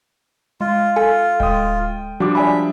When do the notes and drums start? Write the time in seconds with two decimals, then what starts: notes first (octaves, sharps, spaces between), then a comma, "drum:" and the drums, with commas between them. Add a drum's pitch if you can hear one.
0.61 G#3 F4
0.96 A4 G#5
1.40 G#3 G5 D#6, drum: kick D1
2.20 F3 G3 D4 F#4 D6
2.35 D5 E5 G#5 B5